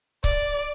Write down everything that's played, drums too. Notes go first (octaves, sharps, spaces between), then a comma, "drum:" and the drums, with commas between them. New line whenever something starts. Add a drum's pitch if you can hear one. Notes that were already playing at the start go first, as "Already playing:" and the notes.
D5, drum: kick C#1